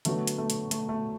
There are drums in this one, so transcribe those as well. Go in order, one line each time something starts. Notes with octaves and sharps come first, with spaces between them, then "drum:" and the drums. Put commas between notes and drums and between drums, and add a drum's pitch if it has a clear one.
D3 F#3 A3 B3 F#4, drum: hi-hat
drum: hi-hat
A3
drum: hi-hat
A3, drum: hi-hat
A3